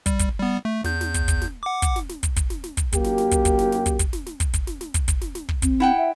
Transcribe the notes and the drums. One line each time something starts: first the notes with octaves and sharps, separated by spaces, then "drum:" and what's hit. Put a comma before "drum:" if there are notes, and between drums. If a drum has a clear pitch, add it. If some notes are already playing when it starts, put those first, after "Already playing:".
G3, drum: kick, hi-hat
drum: kick, hi-hat
G3 B3
A3
E2 G6, drum: snare
drum: snare
drum: kick, hi-hat
drum: kick, hi-hat
drum: snare
F#5 D6
drum: kick, hi-hat
drum: snare
drum: snare
drum: kick, hi-hat
drum: kick, hi-hat
drum: snare
drum: snare
drum: kick, hi-hat
F#2 A#3 G4, drum: kick, hi-hat
drum: snare
drum: snare
drum: kick, hi-hat
drum: kick, hi-hat
drum: snare
drum: snare
drum: kick, hi-hat
drum: kick, hi-hat
drum: snare
drum: snare
drum: kick, hi-hat
drum: kick, hi-hat
drum: snare
drum: snare
drum: kick, hi-hat
drum: kick, hi-hat
drum: snare
drum: snare
drum: kick
C4, drum: kick, hi-hat
E4 F#5 G5
E5